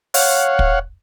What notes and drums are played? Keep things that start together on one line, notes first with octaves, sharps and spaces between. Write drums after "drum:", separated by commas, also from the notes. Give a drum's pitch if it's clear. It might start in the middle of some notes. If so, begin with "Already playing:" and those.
C#5 F5 F#5, drum: open hi-hat
drum: kick